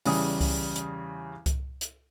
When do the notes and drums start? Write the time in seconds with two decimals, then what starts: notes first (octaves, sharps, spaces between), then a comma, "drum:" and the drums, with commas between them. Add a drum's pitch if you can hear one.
0.05 E2 C#3 G3 D#6, drum: open hi-hat
0.41 drum: kick C2, open hi-hat
0.76 drum: hi-hat
1.46 drum: kick C2, hi-hat
1.81 drum: hi-hat